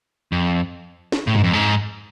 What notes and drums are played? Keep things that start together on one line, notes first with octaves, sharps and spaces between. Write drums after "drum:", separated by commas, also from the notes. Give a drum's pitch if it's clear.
F2
drum: snare
A2
G#2, drum: tom F2
F2
G#2